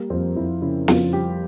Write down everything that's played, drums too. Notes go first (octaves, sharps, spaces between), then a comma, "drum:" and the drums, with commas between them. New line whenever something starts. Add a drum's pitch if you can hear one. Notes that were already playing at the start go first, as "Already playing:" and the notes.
Already playing: G3 A#3
F2 C4
F2 E4
C#3 E4
F2 F4, drum: snare
G3 G4